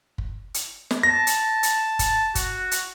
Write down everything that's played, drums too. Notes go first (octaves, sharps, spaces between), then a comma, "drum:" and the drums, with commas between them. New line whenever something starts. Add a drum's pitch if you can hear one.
drum: kick
drum: hi-hat
drum: snare
A5 A#6
drum: hi-hat
drum: hi-hat
drum: kick, hi-hat
F#4, drum: kick, hi-hat
drum: hi-hat